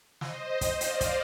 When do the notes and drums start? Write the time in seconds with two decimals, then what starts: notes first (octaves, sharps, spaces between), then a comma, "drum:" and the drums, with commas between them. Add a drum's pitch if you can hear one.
0.21 C5 D#5, drum: snare
0.61 drum: kick, hi-hat
0.81 D5 F5, drum: hi-hat
1.01 drum: kick, hi-hat